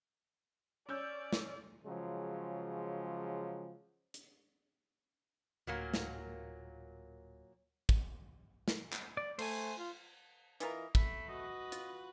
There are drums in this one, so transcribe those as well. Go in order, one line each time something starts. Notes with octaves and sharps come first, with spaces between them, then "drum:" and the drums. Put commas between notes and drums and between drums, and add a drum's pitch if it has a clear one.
C#4 D5 E6 G6
drum: snare
C#3 F3 F#3 G#3
drum: hi-hat
D1 A#2 F#3 A#3
drum: snare
drum: kick
drum: snare
drum: clap
D5
A3 C5 G#5, drum: cymbal
F4
E3 F4 A#4 D#5, drum: hi-hat
A3 B5, drum: kick
F#4 B4 D#5
F4, drum: hi-hat